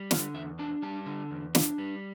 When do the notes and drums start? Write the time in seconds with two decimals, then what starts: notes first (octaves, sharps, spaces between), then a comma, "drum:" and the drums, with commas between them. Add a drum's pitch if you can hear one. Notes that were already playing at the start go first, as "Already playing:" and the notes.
Already playing: G3
0.11 D3 F5, drum: snare
0.34 E2 E5
0.59 D4 A5
0.83 G3 A5
1.06 D3
1.31 E2
1.55 D4, drum: snare
1.78 G3